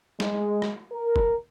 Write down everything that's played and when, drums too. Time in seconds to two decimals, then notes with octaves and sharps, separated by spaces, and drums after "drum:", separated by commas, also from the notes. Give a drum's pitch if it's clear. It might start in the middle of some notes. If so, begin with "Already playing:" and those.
0.20 G#3, drum: snare
0.62 drum: rim click
0.92 A#4
1.16 drum: kick